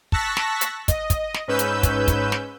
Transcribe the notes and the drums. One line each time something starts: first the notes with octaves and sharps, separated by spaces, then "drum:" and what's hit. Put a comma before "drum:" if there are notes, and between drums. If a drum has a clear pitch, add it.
A5 C#6 E6 F#6 A#6 B6, drum: kick
drum: snare
drum: hi-hat
D#5, drum: kick, hi-hat
drum: kick, hi-hat
drum: snare
G#2 C#4 B4 E6 G6
drum: hi-hat
drum: kick, hi-hat
drum: kick, hi-hat
drum: snare